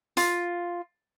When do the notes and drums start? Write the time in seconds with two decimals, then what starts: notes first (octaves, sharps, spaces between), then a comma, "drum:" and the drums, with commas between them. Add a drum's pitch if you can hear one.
0.17 F4, drum: hi-hat